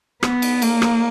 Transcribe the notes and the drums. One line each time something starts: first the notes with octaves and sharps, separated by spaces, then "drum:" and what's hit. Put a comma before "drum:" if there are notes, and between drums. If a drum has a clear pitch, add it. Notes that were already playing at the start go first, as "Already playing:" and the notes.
B3, drum: rim click
drum: cymbal
A#3, drum: cymbal
drum: rim click